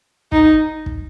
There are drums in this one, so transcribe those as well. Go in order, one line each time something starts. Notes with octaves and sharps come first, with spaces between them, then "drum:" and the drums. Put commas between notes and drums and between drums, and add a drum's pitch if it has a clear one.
D#4, drum: kick
drum: kick